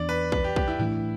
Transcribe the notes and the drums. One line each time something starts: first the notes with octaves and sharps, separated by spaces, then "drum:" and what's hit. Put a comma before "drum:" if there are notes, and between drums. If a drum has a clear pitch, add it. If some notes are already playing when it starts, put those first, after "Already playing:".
Already playing: E2 E3 B3 D4 D5
B4
B4, drum: kick
G4
G4, drum: kick
E4
A2 E3 A3 D4 E4